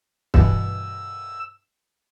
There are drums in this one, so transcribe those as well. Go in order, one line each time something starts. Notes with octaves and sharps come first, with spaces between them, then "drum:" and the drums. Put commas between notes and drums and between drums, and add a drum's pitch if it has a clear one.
G2 B2 E3 E6, drum: kick